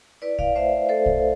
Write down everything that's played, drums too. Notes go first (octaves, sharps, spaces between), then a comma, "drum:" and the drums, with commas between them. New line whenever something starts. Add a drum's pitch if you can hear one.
E4 B4 D5
D5 F5, drum: kick
A3 C5 E5
A3 A4 C5
drum: kick